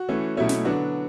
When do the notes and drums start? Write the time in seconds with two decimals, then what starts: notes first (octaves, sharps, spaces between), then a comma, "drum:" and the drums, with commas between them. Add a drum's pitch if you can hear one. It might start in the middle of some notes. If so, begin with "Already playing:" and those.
Already playing: F#4
0.09 E3 A3 C#4
0.37 B2 F#3 A3 C#4 E4
0.49 drum: snare
0.65 D3 F#3 B3 D4 F#4